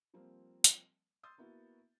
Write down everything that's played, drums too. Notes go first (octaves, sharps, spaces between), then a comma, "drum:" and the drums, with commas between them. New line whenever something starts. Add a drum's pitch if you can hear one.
F3 G3 A#3 C4
drum: hi-hat
C6 D#6 E6 G6 A6
A#3 B3 E4 F#4